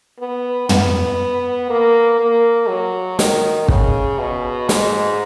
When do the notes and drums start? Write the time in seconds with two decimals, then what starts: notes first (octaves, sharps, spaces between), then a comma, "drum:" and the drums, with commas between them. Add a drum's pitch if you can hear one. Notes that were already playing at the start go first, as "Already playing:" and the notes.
0.19 B3
0.69 B3, drum: tom
1.70 A#3
2.19 A#3
2.68 F#3
3.19 D#3, drum: snare
3.68 C#3, drum: kick
4.19 B2
4.69 G#2, drum: snare